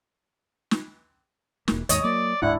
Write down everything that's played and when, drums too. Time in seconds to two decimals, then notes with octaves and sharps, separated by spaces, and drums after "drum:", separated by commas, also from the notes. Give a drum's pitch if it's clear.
0.71 drum: snare
1.68 E1 A#3, drum: snare
1.89 D#2 G#2 C#5 D#5 D#6, drum: hi-hat
2.03 F#3 A#3 D5
2.42 D1 G#2 D4 E4 F#5